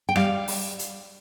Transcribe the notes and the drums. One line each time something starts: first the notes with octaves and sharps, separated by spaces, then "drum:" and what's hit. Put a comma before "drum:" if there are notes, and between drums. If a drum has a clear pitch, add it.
G5
G3 F5, drum: rim click
drum: open hi-hat
drum: hi-hat